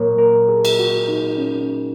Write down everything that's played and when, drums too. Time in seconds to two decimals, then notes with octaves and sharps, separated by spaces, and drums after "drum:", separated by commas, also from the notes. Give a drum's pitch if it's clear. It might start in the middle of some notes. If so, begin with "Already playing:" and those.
Already playing: A#2 F#3 A#3 A#4 C#5
0.18 A#4
0.49 G#4
0.65 drum: cymbal
0.79 F#4
1.09 D#4
1.38 C#4